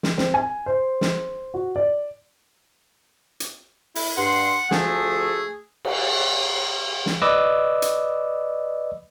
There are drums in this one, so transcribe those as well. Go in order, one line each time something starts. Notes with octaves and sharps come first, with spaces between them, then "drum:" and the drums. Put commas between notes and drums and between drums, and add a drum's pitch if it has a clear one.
drum: snare
C4, drum: snare
G#5
C5
drum: snare
F#4
D5
drum: hi-hat
E4, drum: open hi-hat
G2 F#5 C6
D2 F3 A3 G#4, drum: snare
drum: cymbal
drum: snare
B4 D5 D#5 D6 E6
drum: hi-hat